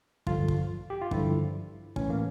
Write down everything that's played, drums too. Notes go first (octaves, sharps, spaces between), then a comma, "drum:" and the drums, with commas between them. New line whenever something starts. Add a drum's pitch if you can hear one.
G2 D3 F3 F4, drum: kick
drum: kick
G4
F4
G2 D3 F3 E4, drum: kick
A2 E3 C#4, drum: kick
A#3